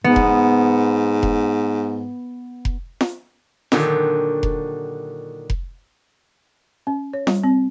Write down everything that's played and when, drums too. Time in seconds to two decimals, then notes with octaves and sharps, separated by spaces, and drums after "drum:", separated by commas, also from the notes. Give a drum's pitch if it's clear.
0.04 G#2 B3
0.16 drum: kick F1
1.23 drum: kick F1
2.65 drum: kick F1
3.01 drum: snare
3.72 A#2 D3 D#3 F#3 F#4 G4, drum: snare
4.43 drum: kick F1
5.50 drum: kick F1
6.87 C#4
7.14 C#5
7.27 G3, drum: snare
7.44 C4